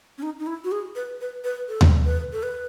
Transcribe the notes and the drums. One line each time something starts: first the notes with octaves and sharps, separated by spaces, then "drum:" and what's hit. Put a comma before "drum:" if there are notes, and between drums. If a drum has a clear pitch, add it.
C#4
D#4
D#4
E4
F#4
G#4
B4
B4
B4
A4
drum: tom D#2
B4
A4
B4